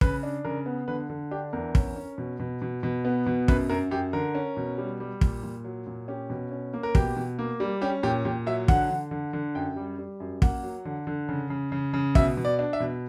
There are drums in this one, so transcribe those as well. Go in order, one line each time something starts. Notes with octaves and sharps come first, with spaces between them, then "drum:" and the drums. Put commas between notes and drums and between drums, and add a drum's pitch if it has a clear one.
C#3 B4, drum: kick
D4
C#3 A#4
B3
D3 B4
D3
D4 G4
E2 A#4
C#4, drum: kick
C#4
B2
B2
B2
B2
B3
B2
F#2 B4, drum: kick
F#2 A#4
F#2 G4
D3 A#4
C#4
B2
G3
G3
A#2, drum: kick
A#2
F#3
A#2
C#4 G4
B2
C#4
A#3
A#4
B2 G4, drum: kick
B2
A#3
G3
C#4 G4
A#2 G4
A#2 G4
F#3 E5
D3 F#5, drum: kick
D3
D3
D3
F#2 G5
G3
G3
F#2
A#3 F#5, drum: kick
F#3
D3
D3
C#3
C#3
C#3
C#3
B2 E5, drum: kick
B2
D5
D4
E5
B2